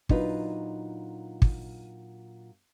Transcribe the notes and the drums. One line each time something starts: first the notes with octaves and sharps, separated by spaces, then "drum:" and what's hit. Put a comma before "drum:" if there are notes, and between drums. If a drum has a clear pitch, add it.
A#2 F#3 D4 D#4 F4 B4, drum: kick
drum: kick